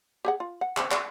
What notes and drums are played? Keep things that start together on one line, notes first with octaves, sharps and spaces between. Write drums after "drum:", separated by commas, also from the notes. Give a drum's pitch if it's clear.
G4 G#4 F#5
F4
F#5
C#3 C4, drum: clap
D5, drum: clap